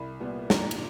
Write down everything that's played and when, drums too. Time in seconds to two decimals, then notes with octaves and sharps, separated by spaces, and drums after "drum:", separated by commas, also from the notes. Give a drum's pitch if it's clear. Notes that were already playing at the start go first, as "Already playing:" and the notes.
Already playing: C2 B5
0.20 A#2 G3 B3
0.50 A#2 A#5, drum: snare
0.71 drum: cymbal